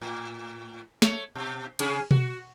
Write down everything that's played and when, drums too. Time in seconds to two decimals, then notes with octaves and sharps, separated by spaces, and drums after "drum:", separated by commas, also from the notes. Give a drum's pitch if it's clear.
0.01 A2
1.02 A3 C#5, drum: snare
1.35 B2
1.79 C3 C#4 G#4, drum: cymbal
2.11 F#4, drum: tom B2